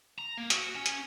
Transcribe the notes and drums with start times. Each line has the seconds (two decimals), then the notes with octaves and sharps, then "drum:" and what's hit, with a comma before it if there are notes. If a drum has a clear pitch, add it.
0.18 A#5
0.37 A#3
0.50 F#4, drum: hi-hat
0.75 C#4
0.86 drum: hi-hat